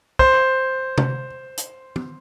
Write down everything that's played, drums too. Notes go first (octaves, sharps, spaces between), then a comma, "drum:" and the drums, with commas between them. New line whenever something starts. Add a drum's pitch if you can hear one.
C5, drum: kick
drum: tom
drum: hi-hat
drum: tom